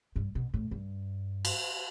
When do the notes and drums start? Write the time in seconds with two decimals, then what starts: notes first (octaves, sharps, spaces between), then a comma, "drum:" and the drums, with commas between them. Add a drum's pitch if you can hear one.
0.16 G2
0.35 B2
0.54 A2
0.71 G2
1.45 drum: cymbal